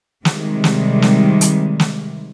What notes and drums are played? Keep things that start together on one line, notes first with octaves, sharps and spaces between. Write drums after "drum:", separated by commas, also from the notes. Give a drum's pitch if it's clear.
C3 D#3 G3 G#3, drum: snare
drum: snare
drum: snare
drum: hi-hat
drum: snare